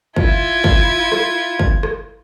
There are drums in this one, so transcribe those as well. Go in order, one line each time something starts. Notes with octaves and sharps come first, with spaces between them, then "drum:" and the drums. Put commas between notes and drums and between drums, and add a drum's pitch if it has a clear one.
E4 F4 G#6, drum: kick
drum: kick
drum: rim click
drum: kick
drum: rim click